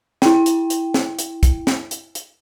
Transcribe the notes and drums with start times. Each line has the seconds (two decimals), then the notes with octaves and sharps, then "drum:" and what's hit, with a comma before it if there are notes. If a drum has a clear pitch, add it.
0.22 E4 G5, drum: snare
0.46 drum: hi-hat
0.70 drum: hi-hat
0.94 drum: snare
1.19 drum: hi-hat
1.43 drum: kick, hi-hat
1.67 drum: snare
1.91 drum: hi-hat
2.15 drum: hi-hat